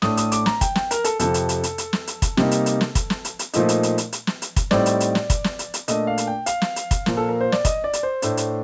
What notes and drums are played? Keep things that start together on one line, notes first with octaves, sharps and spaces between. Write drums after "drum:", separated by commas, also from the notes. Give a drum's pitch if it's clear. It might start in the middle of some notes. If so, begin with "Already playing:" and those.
A2 A3 D4 D#6, drum: snare
D#6, drum: hi-hat
D6, drum: hi-hat
A#5, drum: snare
G5, drum: kick, hi-hat
G5, drum: snare
A#4, drum: hi-hat
A4, drum: hi-hat
F2 C3 F3 A4, drum: hi-hat
drum: hi-hat
drum: hi-hat
drum: hi-hat
drum: hi-hat
drum: snare
drum: hi-hat
drum: kick, hi-hat
C3 G3 A#3 D#4, drum: snare
drum: hi-hat
drum: hi-hat
drum: snare
drum: kick, hi-hat
drum: snare
drum: hi-hat
drum: hi-hat
A#2 F3 A3 D#4, drum: hi-hat
drum: hi-hat
drum: hi-hat
drum: hi-hat
drum: hi-hat
drum: snare
drum: hi-hat
drum: kick, hi-hat
A2 G3 C4 D#4 D5, drum: snare
drum: hi-hat
drum: hi-hat
drum: snare
drum: kick, hi-hat
drum: snare
drum: hi-hat
drum: hi-hat
A#2 A3 D4 D#5, drum: hi-hat
F5
drum: hi-hat
G5
F5, drum: hi-hat
drum: snare
drum: hi-hat
drum: kick, hi-hat
A#2 F3 A#3, drum: snare
A4
A#4
C5
D5, drum: snare
D#5, drum: kick, hi-hat
D5
drum: hi-hat
C5
A2 A3 D4, drum: hi-hat
drum: hi-hat